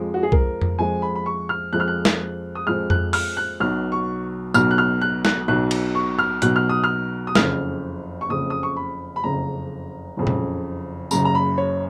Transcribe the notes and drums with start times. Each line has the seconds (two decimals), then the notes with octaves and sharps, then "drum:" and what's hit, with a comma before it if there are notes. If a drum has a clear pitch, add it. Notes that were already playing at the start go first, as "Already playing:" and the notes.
Already playing: F2 F3 G#3
0.14 F#4
0.23 G#4
0.32 A#4, drum: kick C2
0.62 drum: tom F2
0.79 F2 F3 G#3 G#5
1.02 B5
1.16 B5
1.26 C#6
1.49 F6
1.73 F2 F3 G#3 F#6
1.80 F6
1.88 F#6
2.05 drum: snare
2.55 D#6
2.66 F2 F3 G#3 F6
2.90 F#6, drum: tom F2
3.13 F6, drum: open hi-hat
3.37 F#6
3.60 B1 B2 F#3 F6
3.92 C#6
4.54 B1 B2 F#3 F6, drum: tambourine
4.71 F#6
4.78 F6
5.01 F#6
5.25 F#6, drum: snare
5.48 B1 B2 F#3 F#6
5.71 drum: cymbal
5.95 C#6
6.19 F6
6.42 B1 B2 F#3 F#6, drum: hi-hat
6.56 F6
6.69 D#6
6.84 F6
7.27 D#6
7.35 F#1 F2 C#3 F6, drum: snare
8.21 C#6
8.29 F#1 F2 C#3 D#6
8.50 D#6
8.63 C#6
8.77 B5
9.16 B5
9.24 F#1 F2 C#3 A#5
10.17 F#1 F2 C#3
10.27 drum: tom A#2
11.11 F#1 F#2 C#3 A#5, drum: tambourine
11.25 A#5
11.35 B5
11.58 C#5